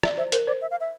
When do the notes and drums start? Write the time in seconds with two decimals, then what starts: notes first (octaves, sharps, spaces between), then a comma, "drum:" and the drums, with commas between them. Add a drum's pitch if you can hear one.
0.03 D5 E5, drum: rim click
0.17 C5 E5
0.32 A#4 C5, drum: hi-hat
0.47 C5 D5
0.62 E5
0.71 F5
0.80 E5